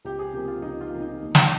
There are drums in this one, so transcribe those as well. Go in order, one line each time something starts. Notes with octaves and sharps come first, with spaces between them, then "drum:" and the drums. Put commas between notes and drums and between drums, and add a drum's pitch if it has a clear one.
C#2 G4
G#4
C3 F3 A#3 G4
F4
C#2 D#4
F4
C3 F3 A#3
D#4
D#2
drum: snare